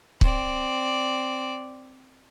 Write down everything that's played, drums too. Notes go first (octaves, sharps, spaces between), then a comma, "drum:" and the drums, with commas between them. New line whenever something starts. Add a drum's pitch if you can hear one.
C4 D5, drum: kick C#1